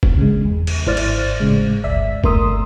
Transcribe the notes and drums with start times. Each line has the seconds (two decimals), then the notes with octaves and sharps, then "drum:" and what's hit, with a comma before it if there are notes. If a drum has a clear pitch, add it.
0.03 drum: kick
0.17 C#3 G#3
0.45 E2
0.67 drum: cymbal
0.87 G#1 E4 C5 D5 F6 A6
0.97 drum: cymbal
1.40 G#1 A2 C#3 G#3
1.84 G1 C#2 D5 E5 E6 B6
2.24 G1 A3 A#4 C6 D#6 E6, drum: kick